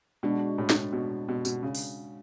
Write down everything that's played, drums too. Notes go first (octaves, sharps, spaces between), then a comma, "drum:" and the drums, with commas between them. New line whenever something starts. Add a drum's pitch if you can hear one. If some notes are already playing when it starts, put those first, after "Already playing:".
B2 G#3 D4 F#4
A2
drum: snare
B2
B2
B2, drum: tambourine
C#3
drum: open hi-hat